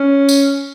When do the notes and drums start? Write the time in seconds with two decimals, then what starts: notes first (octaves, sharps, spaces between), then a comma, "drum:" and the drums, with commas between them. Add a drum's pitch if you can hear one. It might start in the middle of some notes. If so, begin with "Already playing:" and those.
Already playing: C#4
0.29 drum: tambourine